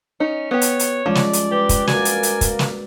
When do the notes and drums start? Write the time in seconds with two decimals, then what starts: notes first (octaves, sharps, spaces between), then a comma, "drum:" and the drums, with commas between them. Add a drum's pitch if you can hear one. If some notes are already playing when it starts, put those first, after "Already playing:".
0.20 C#4 D#4
0.51 B3 G4 C#5
0.61 drum: hi-hat
0.79 drum: hi-hat
1.06 F3 G3 G#3 C#4 D5
1.15 drum: snare
1.33 drum: hi-hat
1.51 G4 B4
1.69 drum: kick, hi-hat
1.87 A#3 F#4 A#4 D5 G#5, drum: snare
2.05 drum: hi-hat
2.23 drum: hi-hat
2.41 drum: kick, hi-hat
2.59 drum: snare